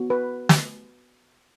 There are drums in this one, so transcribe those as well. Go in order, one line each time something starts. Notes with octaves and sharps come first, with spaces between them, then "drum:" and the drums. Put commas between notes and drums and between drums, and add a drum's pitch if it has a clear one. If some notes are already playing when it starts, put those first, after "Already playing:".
Already playing: B3 F#4
B4
drum: snare